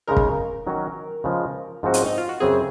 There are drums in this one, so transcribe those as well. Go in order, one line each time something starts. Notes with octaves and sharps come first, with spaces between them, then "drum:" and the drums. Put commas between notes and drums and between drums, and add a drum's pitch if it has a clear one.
C#3 G#3 D#4 A#4
drum: kick
D#3 F#3 C#4 F#4
C#3 F3 G#3
G#2 F3 C4 F#4
C#4, drum: hi-hat
D#4
F4
F#4
F#2 C#3 F#3 C4 G#4